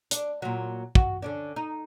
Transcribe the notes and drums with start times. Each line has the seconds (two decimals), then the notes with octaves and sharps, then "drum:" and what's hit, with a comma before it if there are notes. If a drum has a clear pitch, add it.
0.11 D4, drum: hi-hat
0.42 A#2 F#3
0.95 F#4, drum: kick
1.22 D3 C#4 D4
1.56 D#4